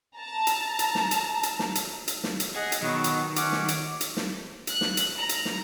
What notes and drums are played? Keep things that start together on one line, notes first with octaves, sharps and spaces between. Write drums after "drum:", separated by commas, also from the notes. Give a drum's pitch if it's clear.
A5 A#5
drum: hi-hat
drum: hi-hat
drum: snare
drum: hi-hat
drum: hi-hat
drum: snare
drum: hi-hat
drum: hi-hat
drum: snare
drum: hi-hat
G#4 D#5 F#5
drum: hi-hat
B2 D#3 F#3 B3 F#4
drum: hi-hat
C#4 F#5 D6, drum: hi-hat
drum: snare
drum: hi-hat
drum: hi-hat
drum: snare
F#6, drum: hi-hat
drum: snare
drum: hi-hat
A#5
drum: hi-hat
drum: snare